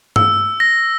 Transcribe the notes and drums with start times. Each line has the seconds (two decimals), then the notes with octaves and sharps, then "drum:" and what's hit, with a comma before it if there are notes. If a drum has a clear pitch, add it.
0.16 E6, drum: tom G2
0.60 A#6